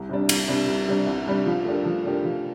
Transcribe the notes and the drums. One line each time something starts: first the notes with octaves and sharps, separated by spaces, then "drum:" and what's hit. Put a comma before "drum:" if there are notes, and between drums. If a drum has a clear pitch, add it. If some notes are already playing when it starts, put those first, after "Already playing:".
Already playing: C2
C3 G3 D4
C2, drum: cymbal
C3 G3 D4
C2
C3 G3 D4
C2
C3 G3 D4
F3
A3 D4 G4 A#4
F3
A3 D4 G4 A#4
F3